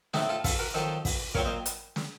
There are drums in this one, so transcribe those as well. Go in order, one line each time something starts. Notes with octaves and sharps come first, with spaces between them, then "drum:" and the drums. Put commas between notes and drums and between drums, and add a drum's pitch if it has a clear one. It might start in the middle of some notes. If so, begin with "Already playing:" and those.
A2 A3 C4 D#4 F#4, drum: snare
F4 A4
F4 A4, drum: kick, open hi-hat
F#4 A#4
F2 D#3 F#3 A4 C5
drum: kick, open hi-hat
A#2 F#3 C4 A#4 C#5, drum: kick
C5 D#5
drum: hi-hat
drum: snare